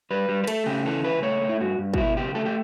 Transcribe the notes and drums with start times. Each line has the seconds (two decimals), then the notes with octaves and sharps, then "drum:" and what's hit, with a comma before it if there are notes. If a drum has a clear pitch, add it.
0.11 G3 B4
0.29 G3
0.44 B4
0.47 A3 A4, drum: cymbal
0.66 C#3 G4
0.85 E3 A4
1.03 C#2 B4
1.22 A3 C#5
1.42 A3
1.49 E4
1.60 G2 F#4
1.78 G2
1.94 F#4, drum: kick
1.98 B2 E4
2.16 C#2 G4
2.35 A3 A4
2.45 G4